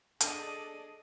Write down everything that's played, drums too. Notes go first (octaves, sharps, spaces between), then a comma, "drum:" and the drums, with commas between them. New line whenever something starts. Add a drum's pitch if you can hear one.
D4 G#4 A4 D5 D#5, drum: hi-hat